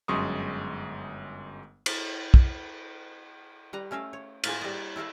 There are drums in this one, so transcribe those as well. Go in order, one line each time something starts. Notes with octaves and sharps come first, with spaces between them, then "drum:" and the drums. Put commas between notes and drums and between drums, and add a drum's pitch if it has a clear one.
G1 F#2 G#3 C6 C#6 D#6
drum: cymbal
drum: kick
G3 B4 A#5
A3 C#4 A#4 E5 F5
C#5
A2 A#3 F4 G#4, drum: cymbal
G3 D#5
E4 A4 A#4 F5